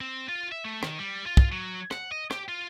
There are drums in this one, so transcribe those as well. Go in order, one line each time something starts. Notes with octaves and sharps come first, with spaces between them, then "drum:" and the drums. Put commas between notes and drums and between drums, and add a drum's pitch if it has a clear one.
C4
F4
E5
A3
D#3, drum: rim click
G3
F4
drum: kick
F#3
F#5, drum: rim click
D#5
G4, drum: rim click
F4